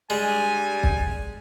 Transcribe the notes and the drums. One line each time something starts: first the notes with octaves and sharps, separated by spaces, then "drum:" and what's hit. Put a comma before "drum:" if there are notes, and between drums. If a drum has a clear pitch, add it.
G2 G3 G#3 G#5
drum: kick